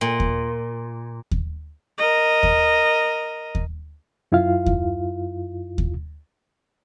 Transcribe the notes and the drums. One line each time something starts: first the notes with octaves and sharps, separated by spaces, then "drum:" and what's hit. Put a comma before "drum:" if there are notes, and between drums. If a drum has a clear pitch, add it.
A#2
drum: kick D#2
drum: kick D#2
A#4 D#5
drum: kick D#2
drum: kick D#2
F#2 E4 F4 F5
drum: kick D#2
drum: kick D#2